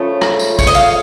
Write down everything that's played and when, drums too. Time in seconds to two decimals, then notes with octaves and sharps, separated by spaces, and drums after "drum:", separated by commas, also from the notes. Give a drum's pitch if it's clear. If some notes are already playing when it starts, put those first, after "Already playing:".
Already playing: C#3 F3 A3 C#5
0.21 drum: rim click
0.39 drum: tambourine
0.59 C#5, drum: kick, tambourine
0.67 D#5
0.75 F5, drum: tambourine